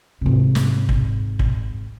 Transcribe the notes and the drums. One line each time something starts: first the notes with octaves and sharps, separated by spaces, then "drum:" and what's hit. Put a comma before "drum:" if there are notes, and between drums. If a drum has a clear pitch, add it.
G#2 C3
drum: snare
drum: kick
drum: kick